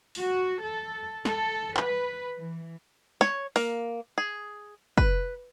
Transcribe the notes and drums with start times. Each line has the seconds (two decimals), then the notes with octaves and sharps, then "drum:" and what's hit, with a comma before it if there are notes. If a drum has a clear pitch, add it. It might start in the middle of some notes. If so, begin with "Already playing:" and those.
0.15 F#4, drum: open hi-hat
0.62 A4
1.25 A4, drum: snare
1.77 B4, drum: clap
2.38 E3
3.21 C#5, drum: snare
3.56 A#3, drum: open hi-hat
4.18 G#4
4.97 B4, drum: kick